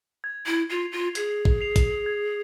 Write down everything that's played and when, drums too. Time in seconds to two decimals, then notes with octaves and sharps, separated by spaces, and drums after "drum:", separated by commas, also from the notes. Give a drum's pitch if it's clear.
0.24 G#6
0.46 E4
0.70 F4 C7 F7
0.92 F4
1.15 G#4 G#6, drum: hi-hat
1.45 drum: kick
1.61 C7 F7
1.76 drum: kick, hi-hat
2.06 G#6